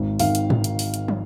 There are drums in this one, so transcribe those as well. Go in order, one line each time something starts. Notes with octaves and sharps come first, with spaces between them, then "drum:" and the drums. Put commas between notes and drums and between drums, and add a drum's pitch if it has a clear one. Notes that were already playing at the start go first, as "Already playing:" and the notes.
Already playing: G#1 G#2
G#1 G#2 D#3 F5, drum: open hi-hat
drum: hi-hat
D#3, drum: tom G#2
drum: hi-hat
drum: open hi-hat
drum: hi-hat
drum: tom